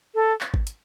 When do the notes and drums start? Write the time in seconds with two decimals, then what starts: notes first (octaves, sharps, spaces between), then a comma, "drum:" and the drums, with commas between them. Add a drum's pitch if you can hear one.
0.15 A4
0.41 drum: clap
0.54 drum: kick G#1
0.67 drum: hi-hat